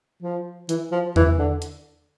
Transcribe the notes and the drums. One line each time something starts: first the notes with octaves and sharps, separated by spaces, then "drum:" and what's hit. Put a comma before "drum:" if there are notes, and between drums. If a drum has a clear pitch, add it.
F3
E3, drum: hi-hat
F3
E3, drum: tom E2
D3
drum: hi-hat